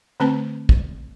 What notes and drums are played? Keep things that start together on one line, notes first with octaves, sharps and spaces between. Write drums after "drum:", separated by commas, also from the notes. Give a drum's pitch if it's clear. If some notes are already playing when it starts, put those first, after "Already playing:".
D3 A3 C4 B4 A5
drum: kick